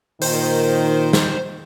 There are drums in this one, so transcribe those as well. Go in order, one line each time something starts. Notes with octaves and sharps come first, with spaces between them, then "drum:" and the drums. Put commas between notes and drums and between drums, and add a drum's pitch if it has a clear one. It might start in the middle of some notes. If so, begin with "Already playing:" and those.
A#2 D#3 C5, drum: open hi-hat
drum: snare